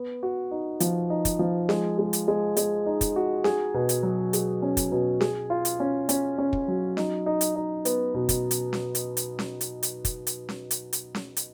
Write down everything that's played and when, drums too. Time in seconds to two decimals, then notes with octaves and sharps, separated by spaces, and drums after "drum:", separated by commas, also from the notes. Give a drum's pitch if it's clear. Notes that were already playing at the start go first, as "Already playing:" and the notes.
Already playing: B3
0.23 F#4
0.51 D#4
0.80 F3, drum: hi-hat
1.10 D#4
1.25 drum: kick, hi-hat
1.39 F3
1.69 G#3, drum: snare C#4
1.99 G#3
2.13 drum: hi-hat
2.28 G#3
2.57 G#3, drum: hi-hat
2.86 D#4
3.01 drum: kick, hi-hat
3.16 F#4
3.44 G#4, drum: snare C#4
3.74 B2
3.89 drum: hi-hat
4.03 F#3
4.33 G#4, drum: hi-hat
4.62 C#4
4.77 drum: kick, hi-hat
4.92 B2
5.21 G#4, drum: snare C#4
5.50 F4
5.65 drum: hi-hat
5.80 C#4
6.09 C#4, drum: hi-hat
6.38 C#4
6.53 drum: kick
6.68 F#3
6.97 D#4, drum: snare C#4
7.26 D#4
7.41 drum: hi-hat
7.56 D#4
7.85 B3, drum: hi-hat
8.14 B2
8.29 drum: kick, hi-hat
8.51 drum: hi-hat
8.73 drum: snare C#4
8.95 drum: hi-hat
9.17 drum: hi-hat
9.39 drum: snare C#4
9.61 drum: hi-hat
9.83 drum: hi-hat
10.05 drum: kick, hi-hat
10.27 drum: hi-hat
10.49 drum: snare C#4
10.71 drum: hi-hat
10.93 drum: hi-hat
11.15 drum: snare C#4
11.37 drum: hi-hat